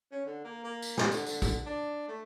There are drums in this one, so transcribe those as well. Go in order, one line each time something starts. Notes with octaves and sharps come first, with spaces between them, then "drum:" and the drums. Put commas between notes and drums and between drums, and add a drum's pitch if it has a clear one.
C#4
D3
A#3
A#3
drum: tambourine
C3, drum: snare
D3, drum: tambourine
D3, drum: tambourine
D3, drum: kick, tambourine
D4
A3